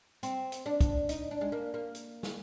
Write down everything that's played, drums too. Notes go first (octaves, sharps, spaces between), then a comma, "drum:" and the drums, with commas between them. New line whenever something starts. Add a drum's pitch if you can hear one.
C4, drum: hi-hat
drum: hi-hat
D4
drum: kick, hi-hat
D#4, drum: hi-hat
D4
G#3
A#3
A#3
drum: hi-hat
drum: snare